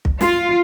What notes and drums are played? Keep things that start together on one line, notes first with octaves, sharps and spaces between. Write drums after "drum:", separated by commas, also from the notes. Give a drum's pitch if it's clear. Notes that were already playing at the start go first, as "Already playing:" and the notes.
drum: kick
F4, drum: snare